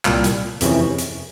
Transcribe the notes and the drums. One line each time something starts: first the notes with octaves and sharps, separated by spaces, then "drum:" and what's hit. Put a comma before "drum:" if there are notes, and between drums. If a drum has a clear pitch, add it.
C2 A#2 G3, drum: clap
drum: hi-hat
F2 C3 E3 G#3 C#4, drum: hi-hat
drum: hi-hat